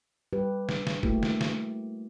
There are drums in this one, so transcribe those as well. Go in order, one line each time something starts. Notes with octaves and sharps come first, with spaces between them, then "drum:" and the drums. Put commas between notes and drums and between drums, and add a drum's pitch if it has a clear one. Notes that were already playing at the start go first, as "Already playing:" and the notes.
G3 G4 B4
drum: snare
drum: snare
A3 A#3 E4 F#4 G4, drum: kick
drum: snare
drum: snare